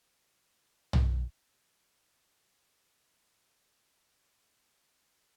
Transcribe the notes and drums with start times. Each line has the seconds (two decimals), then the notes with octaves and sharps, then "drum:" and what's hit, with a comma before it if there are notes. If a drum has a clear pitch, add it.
0.06 C5
0.37 F2
0.56 F4 F#4 F5 F#5
0.93 drum: tom
1.82 E4
4.12 D2
4.26 F#5
4.41 G5
4.54 A3
4.72 C#3
4.85 D#3
5.02 D5
5.22 B4